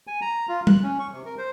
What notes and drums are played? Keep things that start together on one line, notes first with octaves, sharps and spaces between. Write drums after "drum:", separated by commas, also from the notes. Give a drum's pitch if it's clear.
G#5
A#5
F4
F#6, drum: tom
C#4
C#6
C3
A#4
C5